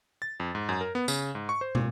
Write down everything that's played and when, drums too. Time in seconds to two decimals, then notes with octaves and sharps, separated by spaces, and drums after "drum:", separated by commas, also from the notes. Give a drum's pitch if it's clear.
0.22 A6
0.40 F2
0.55 G#2
0.69 F#2
0.81 A#4
0.95 B3
1.08 C#3, drum: tambourine
1.35 G#2
1.49 C#6
1.61 C5
1.75 A#2, drum: tom